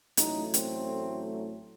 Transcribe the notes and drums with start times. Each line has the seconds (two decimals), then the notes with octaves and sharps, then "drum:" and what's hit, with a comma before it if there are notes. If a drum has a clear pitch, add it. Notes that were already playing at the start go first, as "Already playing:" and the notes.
0.17 A1 A2 F#3 A3 D#4, drum: hi-hat
0.54 C4, drum: hi-hat